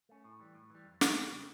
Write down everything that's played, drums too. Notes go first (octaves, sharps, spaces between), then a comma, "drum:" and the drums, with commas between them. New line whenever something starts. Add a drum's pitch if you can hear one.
A3 C#4
A2
E3 G3
A2
E3 G3
F2
C#3 G3, drum: snare
F2
C#3 G3